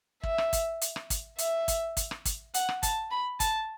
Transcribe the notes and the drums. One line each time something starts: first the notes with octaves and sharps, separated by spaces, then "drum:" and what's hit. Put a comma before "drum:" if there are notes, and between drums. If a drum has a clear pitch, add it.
E5, drum: kick
drum: rim click
drum: kick, hi-hat
drum: hi-hat
drum: rim click
drum: kick, hi-hat
E5, drum: hi-hat
drum: kick, hi-hat
drum: kick, hi-hat
drum: rim click
drum: kick, hi-hat
F#5, drum: hi-hat
drum: rim click
A5, drum: kick, hi-hat
B5
A5, drum: kick, hi-hat